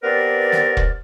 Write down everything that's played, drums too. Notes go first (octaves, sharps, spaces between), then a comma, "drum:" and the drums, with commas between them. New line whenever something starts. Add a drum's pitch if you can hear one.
B3 C4 G4 A#4 B4 D5
drum: snare
drum: kick E1